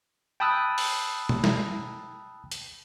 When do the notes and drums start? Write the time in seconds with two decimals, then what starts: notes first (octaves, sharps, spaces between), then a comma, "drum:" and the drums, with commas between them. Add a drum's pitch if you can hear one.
0.40 G5 A5 B5 D#6 E6 F#6
0.78 drum: open hi-hat
1.29 drum: tom B2
1.44 drum: snare
2.52 drum: hi-hat